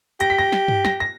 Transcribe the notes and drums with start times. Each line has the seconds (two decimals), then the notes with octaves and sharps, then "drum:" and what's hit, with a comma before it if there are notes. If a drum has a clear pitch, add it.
0.20 G4 A#6, drum: hi-hat
0.30 B6
0.39 A#6
0.52 drum: snare
0.68 drum: tom G2
0.85 A#6, drum: snare
1.00 A#6